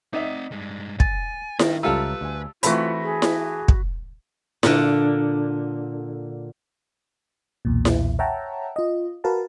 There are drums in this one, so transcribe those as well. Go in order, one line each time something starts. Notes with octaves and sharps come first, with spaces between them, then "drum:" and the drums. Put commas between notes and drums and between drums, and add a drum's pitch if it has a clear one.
C4 D#4 D5 E5 F#5
G2 G#3
G#5 A6, drum: kick
D#3 D4 G5, drum: snare E4
C#2 G3 F4 A4 B4 E5 A#5 E6
D2 G#5
E3 A3 C4 F4 F#4 B5, drum: hi-hat
G#4
drum: snare E4
drum: kick
A#2 D3, drum: snare E4
B1 E2 A#2
drum: snare E4
C#5 E5 F#5 G5 A5 A#5
F4 D#5
F#4 A#4 B4 F5 A5